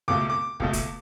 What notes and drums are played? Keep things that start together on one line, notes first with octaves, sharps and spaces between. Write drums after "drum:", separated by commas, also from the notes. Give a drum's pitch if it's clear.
C#2 B2 A3 D6
D6
C#2 B2 A3, drum: kick
drum: kick, hi-hat